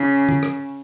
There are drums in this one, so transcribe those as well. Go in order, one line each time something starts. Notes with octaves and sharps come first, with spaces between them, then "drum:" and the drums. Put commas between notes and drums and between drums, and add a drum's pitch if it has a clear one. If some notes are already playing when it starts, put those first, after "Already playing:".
Already playing: C#3
drum: tom
drum: rim click